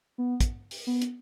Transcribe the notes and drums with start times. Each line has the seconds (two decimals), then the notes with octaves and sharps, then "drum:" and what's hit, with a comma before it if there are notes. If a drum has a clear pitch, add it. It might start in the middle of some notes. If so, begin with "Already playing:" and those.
0.18 B3
0.40 drum: kick, hi-hat
0.71 drum: open hi-hat
0.87 B3
1.02 drum: hi-hat